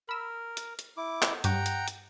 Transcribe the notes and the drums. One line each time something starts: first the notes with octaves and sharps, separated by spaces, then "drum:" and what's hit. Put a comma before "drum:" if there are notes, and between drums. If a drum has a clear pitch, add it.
A#4 B5 E6
drum: hi-hat
drum: hi-hat
E4 D6
drum: clap
G2 G4 C#5 F#5 G5 A#5, drum: hi-hat
drum: hi-hat
drum: hi-hat